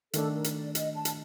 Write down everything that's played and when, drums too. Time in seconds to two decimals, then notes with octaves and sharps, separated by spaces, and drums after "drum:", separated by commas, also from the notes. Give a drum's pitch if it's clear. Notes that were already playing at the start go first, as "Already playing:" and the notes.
0.13 D#3 A3 D4 A4, drum: hi-hat
0.34 A#4
0.44 drum: hi-hat
0.55 D5
0.75 D#5, drum: hi-hat
0.95 A5
1.05 drum: hi-hat